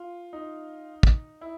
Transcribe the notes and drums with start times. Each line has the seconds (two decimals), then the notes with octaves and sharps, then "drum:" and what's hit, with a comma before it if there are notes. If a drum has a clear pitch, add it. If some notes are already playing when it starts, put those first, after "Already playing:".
Already playing: F4
0.33 D#4
1.03 drum: kick
1.41 E4